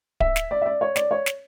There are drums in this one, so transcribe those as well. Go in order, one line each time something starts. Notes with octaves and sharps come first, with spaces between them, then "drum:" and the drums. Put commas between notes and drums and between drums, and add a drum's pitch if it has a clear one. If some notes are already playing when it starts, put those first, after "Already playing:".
E5, drum: kick D1
drum: snare
D5
E5
D5
C#5
D5, drum: snare
C#5
drum: snare